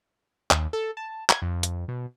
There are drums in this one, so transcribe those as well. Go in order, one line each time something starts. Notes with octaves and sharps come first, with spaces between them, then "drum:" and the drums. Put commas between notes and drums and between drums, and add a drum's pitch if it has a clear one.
D#2, drum: clap
A4
A5
G#6, drum: clap
F2
drum: hi-hat
B2